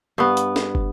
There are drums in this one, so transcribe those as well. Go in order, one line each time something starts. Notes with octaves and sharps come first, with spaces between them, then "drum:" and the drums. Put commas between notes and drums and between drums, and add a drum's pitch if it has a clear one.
G2 B3
drum: hi-hat
drum: snare
drum: kick